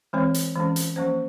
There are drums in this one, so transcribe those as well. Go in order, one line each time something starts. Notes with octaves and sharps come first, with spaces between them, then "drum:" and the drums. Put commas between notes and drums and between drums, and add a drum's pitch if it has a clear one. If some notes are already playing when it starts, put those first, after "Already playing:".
E3 G#3 C4 C#5
drum: hi-hat
E3 G#3 C#4
drum: hi-hat
F3 A#3 C#4 C5